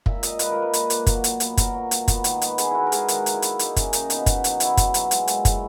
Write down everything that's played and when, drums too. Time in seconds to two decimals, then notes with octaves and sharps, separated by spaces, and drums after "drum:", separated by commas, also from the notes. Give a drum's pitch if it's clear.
0.06 A#2 E5, drum: kick
0.23 A#2 D#5, drum: hi-hat
0.39 A#2 B4, drum: hi-hat
0.51 A#3 A#4
0.62 B4
0.73 A#2, drum: hi-hat
0.90 A#3, drum: hi-hat
1.06 F#3, drum: kick, hi-hat
1.24 A#2, drum: hi-hat
1.40 B3, drum: hi-hat
1.57 A#2 A#4, drum: kick, hi-hat
1.74 F#3
1.91 A#2, drum: hi-hat
2.08 B3, drum: kick, hi-hat
2.24 D#3, drum: hi-hat
2.42 B3, drum: hi-hat
2.58 B3 G#4, drum: hi-hat
2.71 B3 E4 F#4
2.87 A#4
2.92 G#3 G#4, drum: hi-hat
3.08 D#3 A#4, drum: hi-hat
3.26 A#3, drum: hi-hat
3.34 E4
3.42 A#3, drum: hi-hat
3.59 A#3 D#4, drum: hi-hat
3.76 A#3 C#4, drum: kick, hi-hat
3.93 D#3 D#4, drum: hi-hat
4.10 B2 D#4, drum: hi-hat
4.26 B2, drum: kick, hi-hat
4.44 F#3, drum: hi-hat
4.60 F#3 E4, drum: hi-hat
4.77 B2, drum: kick, hi-hat
4.94 F#3, drum: hi-hat
5.11 G#3, drum: hi-hat
5.28 A#2, drum: hi-hat
5.45 B3, drum: kick, hi-hat